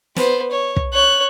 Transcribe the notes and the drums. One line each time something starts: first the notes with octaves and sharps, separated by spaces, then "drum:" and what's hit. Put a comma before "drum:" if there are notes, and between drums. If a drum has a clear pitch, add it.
B3 C5, drum: snare
C#5
drum: kick
C#5 F#6